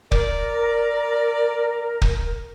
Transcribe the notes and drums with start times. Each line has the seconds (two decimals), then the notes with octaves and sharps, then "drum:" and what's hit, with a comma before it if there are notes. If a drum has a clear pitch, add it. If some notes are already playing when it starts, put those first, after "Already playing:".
0.12 A#4 D5, drum: kick
2.02 drum: kick